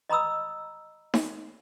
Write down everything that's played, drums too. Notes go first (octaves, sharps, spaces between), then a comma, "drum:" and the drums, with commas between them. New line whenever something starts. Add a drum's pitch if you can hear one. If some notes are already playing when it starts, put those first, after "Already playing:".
D#5 A#5 B5 D#6 E6
drum: snare D#4